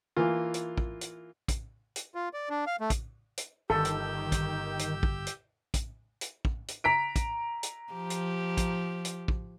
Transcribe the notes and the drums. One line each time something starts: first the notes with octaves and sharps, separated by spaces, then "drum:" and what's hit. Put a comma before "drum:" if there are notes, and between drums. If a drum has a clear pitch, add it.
E3 A#3 F4
drum: hi-hat
drum: kick
drum: hi-hat
drum: kick, hi-hat
drum: hi-hat
F4
D5
D4
F5
A3
drum: kick, hi-hat
drum: hi-hat
G1 D#3 G4 A4 E6 G6
drum: hi-hat
drum: kick, hi-hat
drum: hi-hat
drum: kick
drum: hi-hat
drum: kick, hi-hat
drum: hi-hat
drum: kick
drum: hi-hat
A#5 B6 D7
drum: kick, hi-hat
drum: hi-hat
F3 G4
drum: hi-hat
drum: kick, hi-hat
drum: hi-hat
drum: kick